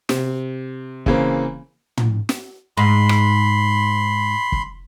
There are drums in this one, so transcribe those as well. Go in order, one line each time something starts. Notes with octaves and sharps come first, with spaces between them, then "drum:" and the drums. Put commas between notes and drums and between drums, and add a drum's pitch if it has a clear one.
C3, drum: snare
C#3 E3 A#3 C4, drum: kick
drum: tom
drum: snare
G#2 B5 C6
drum: rim click
drum: kick